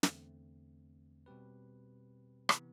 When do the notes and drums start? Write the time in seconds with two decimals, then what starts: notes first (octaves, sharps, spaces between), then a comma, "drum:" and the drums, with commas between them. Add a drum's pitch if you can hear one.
0.03 E2 D3 A3 C4, drum: snare
1.26 B2 G3 C4 G4 B4
2.49 C3 E3 B3, drum: rim click